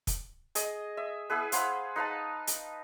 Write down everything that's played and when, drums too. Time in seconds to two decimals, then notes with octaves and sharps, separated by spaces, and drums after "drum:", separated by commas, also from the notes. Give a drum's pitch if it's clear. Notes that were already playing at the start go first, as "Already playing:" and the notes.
0.07 drum: kick, hi-hat
0.55 G#4 D#5, drum: hi-hat
0.97 E5
1.30 B3 E4 G#4 B4
1.52 C5 F5 F#5 B5, drum: hi-hat
1.96 D#4 B4 F5 A5
2.47 drum: hi-hat